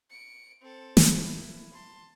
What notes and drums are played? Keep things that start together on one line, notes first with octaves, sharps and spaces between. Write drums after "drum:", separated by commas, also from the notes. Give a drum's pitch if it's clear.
C#7 D7
C4 A4
drum: snare
E4
A5 C6